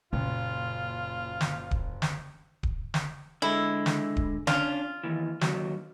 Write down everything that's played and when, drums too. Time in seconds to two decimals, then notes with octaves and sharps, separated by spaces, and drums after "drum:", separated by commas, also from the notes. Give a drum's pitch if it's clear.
0.13 F#1 A#2 C#3 F4
1.41 drum: snare
1.71 drum: kick D1
2.02 drum: snare
2.63 drum: kick D1
2.94 drum: snare
3.42 D3 G#3 E4
3.86 drum: snare
4.17 drum: kick D1
4.47 C#4 D4 F4, drum: snare
5.04 D#2 E3
5.41 D#2 F#3, drum: snare